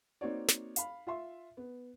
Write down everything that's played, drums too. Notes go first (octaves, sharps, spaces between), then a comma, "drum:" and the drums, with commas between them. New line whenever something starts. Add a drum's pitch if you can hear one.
A#3 C4 D#4 F#4 C#5 D5
drum: snare
F5 B5, drum: hi-hat
F4 E5 C6
B3